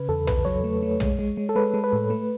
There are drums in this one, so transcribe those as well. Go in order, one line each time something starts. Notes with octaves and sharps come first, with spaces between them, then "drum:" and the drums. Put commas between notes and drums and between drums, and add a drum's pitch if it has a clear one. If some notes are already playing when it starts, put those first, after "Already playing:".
Already playing: C#3 B4
E2 A4
E2 B4, drum: tom
F#3 C#5
A3
A3
G#3, drum: tom
G#3
G#3
A4
G#3 B4
G#3
B4
A2
A3